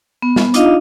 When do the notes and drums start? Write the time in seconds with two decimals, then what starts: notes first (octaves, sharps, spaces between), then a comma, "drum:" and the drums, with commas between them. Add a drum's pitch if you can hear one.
0.22 B3
0.36 drum: snare
0.54 D4 D#4 F4 D#5 F5, drum: hi-hat